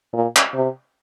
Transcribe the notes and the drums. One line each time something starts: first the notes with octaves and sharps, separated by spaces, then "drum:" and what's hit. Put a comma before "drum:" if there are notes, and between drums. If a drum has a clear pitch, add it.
A#2
drum: clap
C3